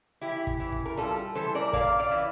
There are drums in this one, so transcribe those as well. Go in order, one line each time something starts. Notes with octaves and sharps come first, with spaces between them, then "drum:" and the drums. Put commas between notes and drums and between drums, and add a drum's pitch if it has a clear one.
E3 E4 G4
drum: kick
E3
drum: kick
A#4
G3 F4 A4
E3 A4 C5
A#4 D5
A#3 D5 F5, drum: kick
D5 F5
E3